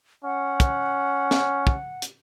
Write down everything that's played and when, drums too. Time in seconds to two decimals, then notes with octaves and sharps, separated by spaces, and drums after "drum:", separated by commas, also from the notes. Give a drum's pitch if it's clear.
0.24 C#4 F#5
0.60 drum: kick, hi-hat
1.31 drum: snare
1.67 drum: kick
2.02 drum: hi-hat